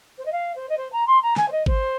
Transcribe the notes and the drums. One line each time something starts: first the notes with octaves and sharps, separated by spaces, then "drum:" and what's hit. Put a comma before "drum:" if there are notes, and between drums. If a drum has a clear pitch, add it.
C5
D#5
F5
C5
D#5
C5
A#5
C6
A#5
G#5, drum: snare
C5
D#5
C5, drum: kick G#1